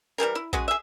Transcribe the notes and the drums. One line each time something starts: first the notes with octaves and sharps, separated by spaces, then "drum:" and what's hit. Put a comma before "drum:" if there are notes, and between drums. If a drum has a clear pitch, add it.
E3 G3 G#4 A#4
E4
G#3 C#4 F#4 G#4, drum: kick A#1
G#4 E5